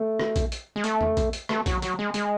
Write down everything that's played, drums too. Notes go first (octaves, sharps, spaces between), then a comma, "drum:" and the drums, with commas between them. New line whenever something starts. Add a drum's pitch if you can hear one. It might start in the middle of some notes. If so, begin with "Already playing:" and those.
Already playing: A3
drum: rim click
drum: kick A#1, hi-hat
drum: hi-hat
G#3
A3, drum: hi-hat
drum: tom
drum: kick A#1, hi-hat
drum: hi-hat
A3, drum: rim click
F#3, drum: kick A#1, hi-hat
F#3, drum: hi-hat
G#3
G#3, drum: hi-hat